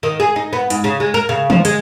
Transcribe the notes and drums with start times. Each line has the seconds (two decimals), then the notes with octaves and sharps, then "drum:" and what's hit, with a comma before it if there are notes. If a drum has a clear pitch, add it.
0.03 D#3
0.20 G#4
0.36 D#4
0.53 B3
0.70 G#2, drum: hi-hat
0.84 C#3
1.00 G#3
1.14 A#4
1.29 C#3
1.50 F3, drum: tom
1.65 G#3, drum: hi-hat